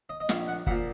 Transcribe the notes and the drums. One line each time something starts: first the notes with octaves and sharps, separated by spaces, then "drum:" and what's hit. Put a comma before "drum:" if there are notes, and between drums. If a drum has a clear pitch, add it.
D#5
D#5
A#1 F5, drum: snare
F#5
A#2 F3 F#5, drum: kick